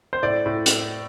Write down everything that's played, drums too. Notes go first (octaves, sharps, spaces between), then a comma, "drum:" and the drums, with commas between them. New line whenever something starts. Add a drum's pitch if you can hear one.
C5
A2 D5
A2
drum: hi-hat